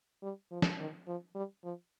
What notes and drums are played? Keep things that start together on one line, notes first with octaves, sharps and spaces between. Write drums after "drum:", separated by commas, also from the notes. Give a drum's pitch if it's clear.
G3
F3
drum: snare
D#3
F3
G3
F3